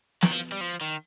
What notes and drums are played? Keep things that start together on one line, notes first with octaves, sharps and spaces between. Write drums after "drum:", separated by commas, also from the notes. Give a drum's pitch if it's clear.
D#3, drum: snare
F3
G3
F3
D#3